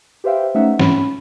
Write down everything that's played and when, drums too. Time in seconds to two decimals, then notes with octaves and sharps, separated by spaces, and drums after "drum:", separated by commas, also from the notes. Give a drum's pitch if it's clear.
0.24 G4 B4 C5 E5 F5 G5
0.55 A3 C#4 D#4 E5 F#5
0.79 G#2 C#4 B5, drum: snare